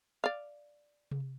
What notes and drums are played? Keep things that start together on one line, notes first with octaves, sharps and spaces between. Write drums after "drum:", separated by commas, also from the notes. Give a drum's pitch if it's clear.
D5 F5
drum: tom C3